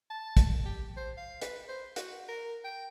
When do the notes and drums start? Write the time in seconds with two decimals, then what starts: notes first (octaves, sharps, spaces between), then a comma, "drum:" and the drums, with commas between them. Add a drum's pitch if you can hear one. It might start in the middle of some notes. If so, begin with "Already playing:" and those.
0.10 A5
0.37 drum: kick, hi-hat
0.65 G4
0.97 C5
1.17 F5
1.41 B4, drum: hi-hat
1.68 C5
1.96 F#4, drum: hi-hat
2.29 A#4
2.64 G5